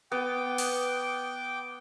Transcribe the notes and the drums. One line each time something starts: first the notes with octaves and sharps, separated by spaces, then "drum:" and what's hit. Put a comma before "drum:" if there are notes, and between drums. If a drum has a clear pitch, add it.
B3 G5 D6
drum: open hi-hat